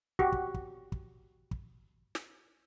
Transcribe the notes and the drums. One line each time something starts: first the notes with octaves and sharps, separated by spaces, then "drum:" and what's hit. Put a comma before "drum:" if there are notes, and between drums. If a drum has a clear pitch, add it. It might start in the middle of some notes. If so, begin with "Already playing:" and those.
F#4 G4, drum: kick
drum: kick
drum: kick
drum: kick
drum: kick
drum: snare